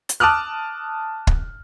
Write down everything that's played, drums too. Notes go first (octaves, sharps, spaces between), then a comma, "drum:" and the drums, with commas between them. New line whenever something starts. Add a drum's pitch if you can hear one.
drum: hi-hat
A5 D6 D#6 F6 F#6
drum: kick